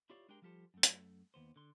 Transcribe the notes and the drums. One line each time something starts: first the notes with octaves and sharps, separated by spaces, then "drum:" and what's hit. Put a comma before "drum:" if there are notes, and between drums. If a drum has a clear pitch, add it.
E4 F4 G4 C#5 D5 F5
G#3 D4 G4 G#4 A#4 G5
F3 G3 F4 G4 A4 C5
F#2 A3
drum: hi-hat
D#2 B3 C5
D3 C6